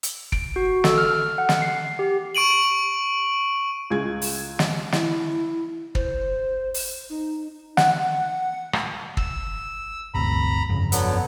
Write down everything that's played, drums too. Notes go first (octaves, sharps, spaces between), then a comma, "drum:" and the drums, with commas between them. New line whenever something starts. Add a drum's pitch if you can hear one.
drum: hi-hat
D7, drum: kick
F#4
A4, drum: snare
F6
F#5
drum: snare
C7
G4
C#6 D7 D#7 F#7
C#2 G#3 G#6
drum: open hi-hat
drum: snare
E4, drum: snare
C5, drum: kick
drum: open hi-hat
D#4
F#5, drum: snare
drum: rim click
E6, drum: kick
G1 D2 C3 A#5 B5
G1 F2 C#3
D3 F#3 B3, drum: hi-hat